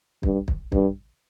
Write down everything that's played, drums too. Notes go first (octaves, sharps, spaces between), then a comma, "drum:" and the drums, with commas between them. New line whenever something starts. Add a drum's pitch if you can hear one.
G2, drum: kick
drum: kick
G2, drum: kick